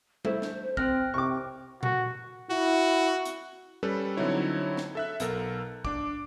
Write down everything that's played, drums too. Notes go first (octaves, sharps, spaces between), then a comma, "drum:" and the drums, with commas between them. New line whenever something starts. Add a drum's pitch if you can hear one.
A3 E4 C5, drum: tom G3
drum: snare
C4 G5 F6 F#6 A#6, drum: kick
C3 C#6 D6
F#4, drum: tom A#2
E4 F#4
drum: hi-hat
G3 C#4 A4 B4
D3 F#3 C4 D#4 E4 C#5
drum: snare
A4 E5 F#6
B1 B3 A4 A#4, drum: hi-hat
D4 D6, drum: kick